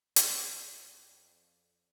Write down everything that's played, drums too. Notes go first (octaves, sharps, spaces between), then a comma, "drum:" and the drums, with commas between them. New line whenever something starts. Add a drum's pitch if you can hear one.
F2 E4 F#4 D5, drum: hi-hat